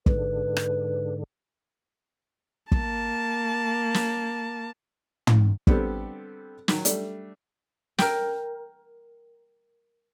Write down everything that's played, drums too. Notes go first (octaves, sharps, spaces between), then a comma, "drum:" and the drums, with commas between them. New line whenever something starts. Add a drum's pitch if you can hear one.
G#2 D3 B4, drum: kick
drum: rim click
A#3 A5, drum: kick
drum: snare
drum: tom
D3 G3 B3 C4 G4 A4, drum: kick
D#3 F#3, drum: snare
G3 A3 D4, drum: hi-hat
A#4 G5, drum: snare